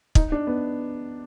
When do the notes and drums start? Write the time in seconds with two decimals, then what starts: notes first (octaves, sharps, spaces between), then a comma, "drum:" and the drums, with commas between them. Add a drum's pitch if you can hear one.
0.15 D#4, drum: kick
0.32 D4
0.47 B3